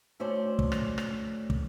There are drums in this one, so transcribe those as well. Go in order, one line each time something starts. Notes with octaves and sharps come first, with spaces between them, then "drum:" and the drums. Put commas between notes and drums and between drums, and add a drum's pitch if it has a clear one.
D2 A3 C#4 C5 D5
drum: kick
drum: rim click
drum: rim click
drum: kick